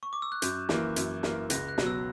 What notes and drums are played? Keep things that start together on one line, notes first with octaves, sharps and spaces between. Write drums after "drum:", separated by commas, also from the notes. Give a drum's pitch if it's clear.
C#6
D6
E6
F#6
F#2 G6, drum: hi-hat
E3 A#3, drum: snare
F#2, drum: hi-hat
E3 A#3, drum: snare
C#2 F#6 A#6, drum: hi-hat
F#6
B2 F#3, drum: snare
E6